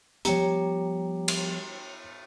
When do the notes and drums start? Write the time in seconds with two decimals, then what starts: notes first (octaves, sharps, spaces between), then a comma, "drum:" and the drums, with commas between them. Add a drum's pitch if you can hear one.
0.25 F3 G3 B3 G4 C#5 G5 A#5, drum: hi-hat
1.28 drum: cymbal